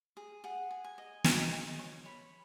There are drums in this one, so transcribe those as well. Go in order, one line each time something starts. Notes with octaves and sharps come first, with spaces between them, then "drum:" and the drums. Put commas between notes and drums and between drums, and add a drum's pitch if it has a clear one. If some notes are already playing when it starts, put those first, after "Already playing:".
G#4
G#4 F#5
G#4
G#5
D#5
D#4 C#6, drum: snare
G#4
C#5
C#5 B5